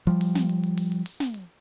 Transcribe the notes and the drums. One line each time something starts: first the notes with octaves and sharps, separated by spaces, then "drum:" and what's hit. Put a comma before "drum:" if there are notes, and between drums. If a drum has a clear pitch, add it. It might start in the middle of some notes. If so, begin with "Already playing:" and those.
F3 G3, drum: hi-hat
drum: open hi-hat
drum: snare
drum: hi-hat
drum: hi-hat
drum: open hi-hat
drum: hi-hat
drum: open hi-hat
drum: snare
drum: hi-hat